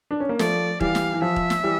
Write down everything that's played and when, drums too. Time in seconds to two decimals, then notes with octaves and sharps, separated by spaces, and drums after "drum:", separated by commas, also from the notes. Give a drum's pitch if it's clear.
0.11 D4
0.20 C#4
0.29 A#3
0.39 F3 A3 D5, drum: snare
0.80 E3 G3 F5, drum: kick D#1
0.95 drum: snare
1.14 E3
1.22 F3 E5
1.36 drum: kick D#1
1.50 drum: snare
1.64 E3 G3